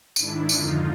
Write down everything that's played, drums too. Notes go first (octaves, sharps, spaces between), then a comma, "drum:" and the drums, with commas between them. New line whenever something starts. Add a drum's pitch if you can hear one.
G#2 D#3 D4 E4, drum: tambourine
F2 D3 D#4 F4, drum: tambourine